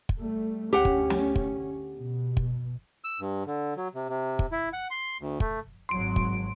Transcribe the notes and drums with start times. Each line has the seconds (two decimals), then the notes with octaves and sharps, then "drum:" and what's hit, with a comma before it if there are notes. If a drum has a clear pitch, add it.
0.09 drum: kick
0.19 G3 A3
0.73 D2 C#4 G4 F#5
0.85 drum: kick
1.10 drum: snare
1.35 drum: kick
1.98 B2
2.37 drum: kick
3.04 E6
3.20 G2
3.47 D3
3.77 F#3
3.95 C3
4.09 C3
4.39 drum: kick
4.52 E4
4.73 F#5
4.91 C6
5.20 D2
5.40 A3, drum: kick
5.89 G#1 F#3 C6 D7
6.16 drum: kick